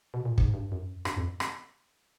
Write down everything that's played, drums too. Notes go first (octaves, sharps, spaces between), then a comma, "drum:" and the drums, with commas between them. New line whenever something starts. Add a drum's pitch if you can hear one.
B2
A#2
G#2, drum: kick
G2
F#2
G2, drum: rim click
F2
drum: rim click